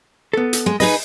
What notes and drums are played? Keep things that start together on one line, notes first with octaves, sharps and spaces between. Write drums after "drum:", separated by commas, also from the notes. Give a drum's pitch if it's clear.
B3 A4
drum: hi-hat
G#3
D#4 G#4 B4 D#5, drum: open hi-hat